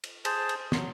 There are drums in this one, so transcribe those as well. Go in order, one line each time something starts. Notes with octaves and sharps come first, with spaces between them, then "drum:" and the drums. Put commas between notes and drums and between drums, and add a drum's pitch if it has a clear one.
drum: cymbal
G#4 C5 A5, drum: cymbal
drum: cymbal
F#3 C6, drum: snare